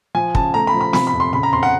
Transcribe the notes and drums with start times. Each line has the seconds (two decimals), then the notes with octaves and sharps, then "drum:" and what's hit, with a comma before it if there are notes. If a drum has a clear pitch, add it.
0.15 F3 G#5
0.35 C#3 A5, drum: kick
0.54 A3 A#5
0.67 B5
0.74 F3
0.81 B5
0.93 C3 B5, drum: snare
1.07 B5
1.13 F2
1.20 C6
1.33 C#3 B5
1.43 A#5
1.53 F2 C6
1.63 F#5